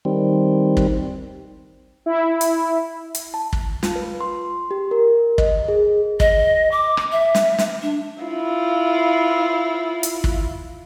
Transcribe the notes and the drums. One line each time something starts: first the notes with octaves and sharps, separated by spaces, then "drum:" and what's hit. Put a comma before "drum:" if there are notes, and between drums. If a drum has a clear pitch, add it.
D#3 G3 C4
drum: kick
E4
drum: hi-hat
drum: hi-hat
A5
drum: kick
F4, drum: snare
B4
C6
G4
A#4
D#5, drum: kick
G#4
D#5, drum: kick
D6
drum: rim click
E5
drum: snare
drum: snare
D4
E4 F4
drum: hi-hat
drum: kick